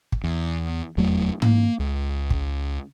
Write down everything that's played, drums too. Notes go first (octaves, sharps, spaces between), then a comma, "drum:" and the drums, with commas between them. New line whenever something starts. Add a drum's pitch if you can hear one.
drum: kick
E2
F1 E2 F#3 A3
A#3, drum: tom G#2
C#2
drum: kick